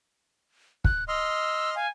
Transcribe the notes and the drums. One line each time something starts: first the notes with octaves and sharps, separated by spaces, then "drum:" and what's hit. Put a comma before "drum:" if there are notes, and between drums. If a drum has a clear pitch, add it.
F#6, drum: kick
D#5 C6 E6 F6
F5 G#5